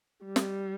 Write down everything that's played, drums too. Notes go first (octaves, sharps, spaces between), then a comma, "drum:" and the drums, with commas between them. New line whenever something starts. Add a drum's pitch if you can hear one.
G3
drum: snare